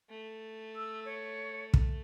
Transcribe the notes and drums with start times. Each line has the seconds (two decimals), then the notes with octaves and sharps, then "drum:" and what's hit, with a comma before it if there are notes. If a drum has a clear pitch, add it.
0.10 A3
0.76 E6
1.05 C#5
1.74 drum: kick